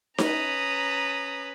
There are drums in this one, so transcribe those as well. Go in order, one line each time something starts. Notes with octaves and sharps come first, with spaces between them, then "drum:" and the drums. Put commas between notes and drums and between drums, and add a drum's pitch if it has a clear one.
C#4 B4 A#5 D#6, drum: snare D#4